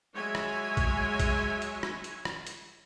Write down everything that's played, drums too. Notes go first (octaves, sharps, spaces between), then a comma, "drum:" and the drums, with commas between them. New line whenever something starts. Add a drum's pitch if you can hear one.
F#3 G#3 C#5 E5 G#5
drum: rim click
drum: kick, hi-hat
drum: kick, hi-hat
drum: hi-hat
drum: rim click
drum: hi-hat
drum: rim click
drum: hi-hat